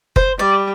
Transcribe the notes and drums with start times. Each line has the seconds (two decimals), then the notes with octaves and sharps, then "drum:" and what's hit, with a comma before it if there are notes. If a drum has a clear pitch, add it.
0.16 C5, drum: kick F#1
0.39 G3 D5